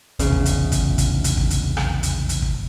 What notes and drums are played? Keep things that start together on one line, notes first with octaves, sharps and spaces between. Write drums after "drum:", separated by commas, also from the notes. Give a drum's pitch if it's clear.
F1 A#1 E2 C#3, drum: hi-hat
drum: kick
drum: hi-hat
drum: kick, hi-hat
drum: kick, hi-hat
drum: hi-hat
drum: kick
drum: hi-hat
drum: rim click
drum: hi-hat
drum: hi-hat
drum: kick